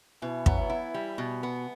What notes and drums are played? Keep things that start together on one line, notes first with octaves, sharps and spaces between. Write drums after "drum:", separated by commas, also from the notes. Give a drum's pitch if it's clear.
B2 E3
F#3 B3, drum: kick
E3
E4
G3
B2
B3